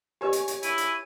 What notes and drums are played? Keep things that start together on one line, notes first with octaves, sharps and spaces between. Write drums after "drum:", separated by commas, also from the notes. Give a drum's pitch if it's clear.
G4 B4 C#5 D#5 G#5
drum: hi-hat
drum: hi-hat
E4 D#7, drum: hi-hat
drum: hi-hat